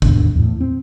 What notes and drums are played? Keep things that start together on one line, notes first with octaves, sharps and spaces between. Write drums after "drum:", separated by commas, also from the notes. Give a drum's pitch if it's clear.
D#2 G#2 B2 D3, drum: kick
E2 A2
C4